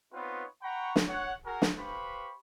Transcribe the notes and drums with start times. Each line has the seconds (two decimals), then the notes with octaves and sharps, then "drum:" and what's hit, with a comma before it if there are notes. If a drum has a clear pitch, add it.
0.13 B3 C4 D#4 F4 B4 C#5
0.63 F#5 G5 A#5 B5 C#6
0.96 drum: snare
1.08 C#5 F#5
1.45 F#4 G#4 A#4
1.62 drum: snare
1.78 G4 B4 C5 F5 B5 C#6